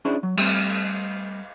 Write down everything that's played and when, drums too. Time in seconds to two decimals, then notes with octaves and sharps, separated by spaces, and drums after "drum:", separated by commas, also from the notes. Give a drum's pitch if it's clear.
0.05 C#4 D4 E4 F#4 G#4 C5
0.23 F#3
0.37 G3 A3 C4, drum: cymbal